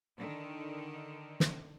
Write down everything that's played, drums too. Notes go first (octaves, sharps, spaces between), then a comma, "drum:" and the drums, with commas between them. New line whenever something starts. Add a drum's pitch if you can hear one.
D3 D#3
drum: snare